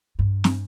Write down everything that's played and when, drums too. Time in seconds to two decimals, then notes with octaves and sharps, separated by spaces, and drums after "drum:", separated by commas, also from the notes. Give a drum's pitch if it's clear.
0.19 G2
0.44 drum: snare